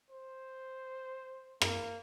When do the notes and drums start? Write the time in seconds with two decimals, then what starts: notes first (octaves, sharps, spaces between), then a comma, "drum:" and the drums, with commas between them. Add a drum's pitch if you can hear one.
0.11 C5
1.62 A#3, drum: rim click